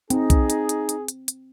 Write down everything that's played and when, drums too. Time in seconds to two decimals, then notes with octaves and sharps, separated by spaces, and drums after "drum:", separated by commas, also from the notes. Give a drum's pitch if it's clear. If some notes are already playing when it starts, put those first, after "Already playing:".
0.10 C4 D#4 G#4, drum: hi-hat
0.30 drum: kick B1, hi-hat
0.50 drum: hi-hat
0.69 drum: hi-hat
0.89 drum: hi-hat
1.08 drum: hi-hat
1.28 drum: hi-hat